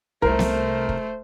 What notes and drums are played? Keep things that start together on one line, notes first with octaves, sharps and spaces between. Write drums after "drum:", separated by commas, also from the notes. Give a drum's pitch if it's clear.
C2 A3 A#4 C5, drum: kick
drum: snare B3
drum: kick